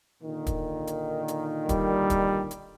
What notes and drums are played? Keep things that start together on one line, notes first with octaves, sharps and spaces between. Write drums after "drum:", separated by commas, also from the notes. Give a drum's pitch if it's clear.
A#2 D3 D#3
drum: kick, hi-hat
drum: hi-hat
drum: hi-hat
G3, drum: kick, hi-hat
drum: kick, hi-hat
drum: hi-hat